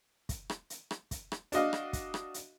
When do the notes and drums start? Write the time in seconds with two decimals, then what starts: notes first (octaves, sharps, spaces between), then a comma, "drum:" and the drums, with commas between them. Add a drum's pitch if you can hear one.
0.29 drum: kick, hi-hat
0.50 drum: rim click
0.70 drum: hi-hat
0.91 drum: rim click
1.11 drum: kick, hi-hat
1.32 drum: rim click
1.52 D4 F#4 D#5 F5, drum: hi-hat
1.73 drum: rim click
1.93 drum: kick, hi-hat
2.14 drum: rim click
2.34 drum: hi-hat